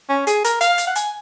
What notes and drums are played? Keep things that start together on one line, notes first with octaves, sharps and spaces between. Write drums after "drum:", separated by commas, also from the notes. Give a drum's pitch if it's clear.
C#4
G#4, drum: hi-hat
A#4, drum: hi-hat
F5, drum: hi-hat
drum: hi-hat
F#5
G#5, drum: hi-hat